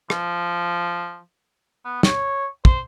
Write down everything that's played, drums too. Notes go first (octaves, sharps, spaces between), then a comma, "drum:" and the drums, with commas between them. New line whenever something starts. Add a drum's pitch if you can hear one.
F3, drum: rim click
B3
C#5, drum: snare
C5, drum: kick